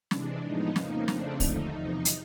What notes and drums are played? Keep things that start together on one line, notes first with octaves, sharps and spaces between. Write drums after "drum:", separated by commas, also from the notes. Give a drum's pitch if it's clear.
C3 E3 G#3 D4, drum: snare
A2 F3 G#3 B3 D#4
F2 C#3 F3 A#3 D#4, drum: snare
F2 C#3 F3 A3 C4 D4, drum: snare
D#2 D3 F3 A3 D#4, drum: kick, open hi-hat
E2 C3 F3
drum: hi-hat